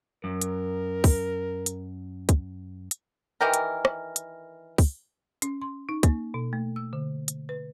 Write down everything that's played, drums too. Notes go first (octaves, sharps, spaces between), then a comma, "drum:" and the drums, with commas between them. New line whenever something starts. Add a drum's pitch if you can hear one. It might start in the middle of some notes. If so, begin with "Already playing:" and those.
F#2 A#4
drum: hi-hat
drum: kick, open hi-hat
drum: hi-hat
drum: kick, hi-hat
drum: hi-hat
D#3 E3 G4 A#4
drum: hi-hat
drum: rim click
drum: hi-hat
drum: kick, open hi-hat
C#4, drum: hi-hat
C6
D#4
A#3, drum: kick, hi-hat
B2
A3
E6
D3
drum: hi-hat
B4